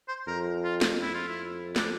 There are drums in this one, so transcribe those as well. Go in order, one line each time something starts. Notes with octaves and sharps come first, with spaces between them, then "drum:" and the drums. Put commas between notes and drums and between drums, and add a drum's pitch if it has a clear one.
C5
F2 A#4
F4
drum: snare
F2 E4
F4
E4
D4, drum: snare